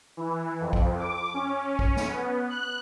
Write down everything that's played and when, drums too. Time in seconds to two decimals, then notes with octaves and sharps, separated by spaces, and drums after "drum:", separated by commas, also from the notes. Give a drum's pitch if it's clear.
0.17 E3
0.61 F2
0.73 drum: kick
0.99 D6
1.34 C#4
1.79 drum: kick
1.97 drum: snare
2.09 B3
2.50 F#6